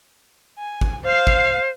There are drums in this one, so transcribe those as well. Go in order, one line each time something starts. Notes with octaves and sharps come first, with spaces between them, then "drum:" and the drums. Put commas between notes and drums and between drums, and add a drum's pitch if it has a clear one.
G#5
drum: kick
C5 F5
drum: kick